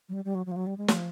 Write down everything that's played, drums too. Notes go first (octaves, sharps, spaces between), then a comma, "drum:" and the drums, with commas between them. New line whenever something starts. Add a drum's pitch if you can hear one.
F#3
G3
G3
F#3
F#3
F3
F#3
G3
G#3
F3, drum: snare